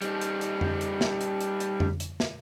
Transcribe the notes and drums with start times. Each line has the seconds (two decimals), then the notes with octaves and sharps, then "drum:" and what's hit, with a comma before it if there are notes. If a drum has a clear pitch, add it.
0.02 G3 D#4, drum: hi-hat
0.21 drum: hi-hat
0.41 drum: hi-hat
0.61 drum: tom F2
0.81 drum: hi-hat
1.01 drum: snare
1.21 drum: hi-hat
1.41 drum: hi-hat
1.60 drum: hi-hat
1.80 drum: tom F2
2.00 drum: hi-hat
2.20 drum: snare